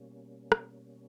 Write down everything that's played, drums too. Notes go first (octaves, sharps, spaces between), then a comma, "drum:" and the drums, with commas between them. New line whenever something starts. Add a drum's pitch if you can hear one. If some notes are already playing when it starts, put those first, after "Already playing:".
Already playing: B2 G3 A#3 C#4
drum: rim click